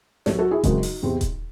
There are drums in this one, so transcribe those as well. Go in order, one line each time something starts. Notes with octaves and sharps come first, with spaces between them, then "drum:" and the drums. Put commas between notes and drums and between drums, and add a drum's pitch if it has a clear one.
C2 C3 F#3 A4 C#5, drum: snare
F#4 A4
E4 G#4
F#2 C#3 E3 G#3 C4 D#4 F#4, drum: kick D#1, hi-hat
drum: open hi-hat
E2 C3 E3 C4
drum: kick D#1, hi-hat